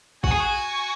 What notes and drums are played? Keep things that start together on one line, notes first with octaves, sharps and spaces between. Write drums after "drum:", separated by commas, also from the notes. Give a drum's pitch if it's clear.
F#4 G#5, drum: kick
G#4
F#4